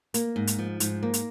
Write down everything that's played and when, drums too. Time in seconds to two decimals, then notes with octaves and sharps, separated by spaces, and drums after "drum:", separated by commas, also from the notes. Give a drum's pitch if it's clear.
0.14 A#3, drum: hi-hat
0.36 G#2
0.47 drum: hi-hat
0.59 F3
0.80 G#2, drum: hi-hat
1.03 A#3
1.14 drum: hi-hat